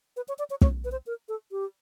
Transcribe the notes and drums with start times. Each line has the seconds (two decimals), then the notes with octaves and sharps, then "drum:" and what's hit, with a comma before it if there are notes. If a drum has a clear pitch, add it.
0.16 B4
0.28 C#5
0.38 D5
0.50 C#5
0.61 C#5, drum: kick
0.85 B4
0.92 C5
1.06 A#4
1.28 A4
1.51 G4